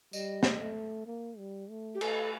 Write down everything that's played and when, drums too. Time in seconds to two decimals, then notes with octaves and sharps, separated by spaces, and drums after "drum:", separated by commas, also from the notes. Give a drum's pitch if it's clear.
0.13 G3 D#5, drum: tambourine
0.43 drum: snare
0.60 A3
1.07 A#3
1.38 G3
1.70 A3
1.95 G4
2.01 A3 A4, drum: cymbal